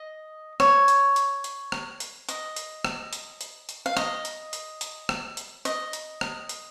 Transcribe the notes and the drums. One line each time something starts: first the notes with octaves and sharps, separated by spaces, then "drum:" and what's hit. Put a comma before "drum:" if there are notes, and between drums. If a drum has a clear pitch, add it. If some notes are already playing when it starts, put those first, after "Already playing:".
Already playing: D#5
C#5, drum: rim click
drum: hi-hat
drum: hi-hat
drum: hi-hat
drum: rim click
drum: hi-hat
D#5, drum: hi-hat
drum: hi-hat
drum: rim click
drum: hi-hat
drum: hi-hat
drum: hi-hat
F5
D#5, drum: rim click
drum: hi-hat
drum: hi-hat
drum: hi-hat
drum: rim click
drum: hi-hat
D#5, drum: hi-hat
drum: hi-hat
drum: rim click
drum: hi-hat